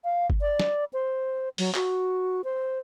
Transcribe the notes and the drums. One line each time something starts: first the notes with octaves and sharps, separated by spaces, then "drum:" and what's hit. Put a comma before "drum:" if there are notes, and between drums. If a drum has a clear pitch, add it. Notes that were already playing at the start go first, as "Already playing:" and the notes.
F5
drum: kick G1
D5
drum: snare
C5
F#3, drum: open hi-hat
F#4, drum: clap
C5